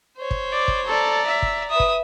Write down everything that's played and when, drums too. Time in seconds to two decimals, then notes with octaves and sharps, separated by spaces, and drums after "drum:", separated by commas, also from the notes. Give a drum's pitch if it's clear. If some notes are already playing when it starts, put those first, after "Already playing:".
0.17 C5 C#5
0.31 drum: kick
0.52 D5
0.68 drum: kick
0.87 A4 D5 A#5
1.27 E5
1.42 drum: kick
1.70 B4 E5 D#6
1.80 drum: kick